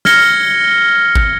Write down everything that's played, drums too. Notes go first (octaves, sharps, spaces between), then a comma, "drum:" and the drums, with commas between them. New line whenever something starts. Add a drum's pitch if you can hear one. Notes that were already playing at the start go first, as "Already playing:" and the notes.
F6 G#6 A#6 C#7 G7, drum: snare
drum: kick G#1